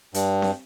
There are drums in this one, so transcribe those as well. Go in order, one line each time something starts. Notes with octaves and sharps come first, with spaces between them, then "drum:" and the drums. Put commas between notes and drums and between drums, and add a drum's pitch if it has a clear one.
G2, drum: hi-hat
drum: snare C4